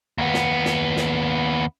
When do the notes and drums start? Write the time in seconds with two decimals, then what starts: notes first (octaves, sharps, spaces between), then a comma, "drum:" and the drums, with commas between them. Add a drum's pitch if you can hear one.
0.18 D#2 B3
0.34 drum: snare
0.65 drum: snare
0.96 drum: snare